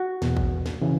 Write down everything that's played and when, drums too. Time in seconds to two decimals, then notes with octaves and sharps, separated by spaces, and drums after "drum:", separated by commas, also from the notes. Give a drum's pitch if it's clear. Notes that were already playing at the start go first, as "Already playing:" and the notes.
Already playing: F#4
0.22 E2 B2, drum: snare
0.37 drum: kick A1
0.66 drum: snare
0.81 C#3 E3